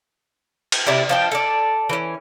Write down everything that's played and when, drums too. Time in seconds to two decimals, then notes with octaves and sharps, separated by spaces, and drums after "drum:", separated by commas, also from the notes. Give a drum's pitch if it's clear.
0.72 drum: cymbal
0.87 C3 E4 D5
1.09 F3 D4 G5
1.31 A4 D5
1.89 E3 C#4